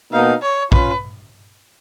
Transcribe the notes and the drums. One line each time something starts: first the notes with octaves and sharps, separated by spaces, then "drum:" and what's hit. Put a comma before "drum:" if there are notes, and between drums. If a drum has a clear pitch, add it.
B2 A#3 D#4 F5
C#5
C#4 F4 B4, drum: kick